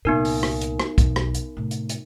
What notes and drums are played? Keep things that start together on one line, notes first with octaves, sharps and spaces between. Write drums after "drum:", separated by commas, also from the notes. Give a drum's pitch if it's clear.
C2 A#2 B3 D#4 A#4
drum: open hi-hat
drum: rim click
drum: hi-hat
drum: rim click
B1 E2, drum: kick, hi-hat
drum: rim click
drum: hi-hat
A2 C3
drum: hi-hat
drum: hi-hat